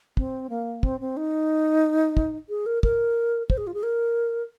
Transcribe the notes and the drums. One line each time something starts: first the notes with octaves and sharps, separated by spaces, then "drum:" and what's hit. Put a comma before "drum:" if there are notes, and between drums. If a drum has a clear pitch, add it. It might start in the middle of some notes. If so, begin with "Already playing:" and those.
C4, drum: kick
A#3
C4, drum: kick
C4
D#4
drum: kick
G#4
A#4
A#4, drum: kick
C5, drum: kick
G#4
F4
G#4
A#4